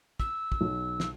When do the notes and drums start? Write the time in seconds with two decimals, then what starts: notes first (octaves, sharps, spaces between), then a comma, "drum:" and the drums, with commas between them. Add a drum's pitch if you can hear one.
0.20 E6, drum: kick
0.52 drum: kick
0.61 B1
1.00 drum: snare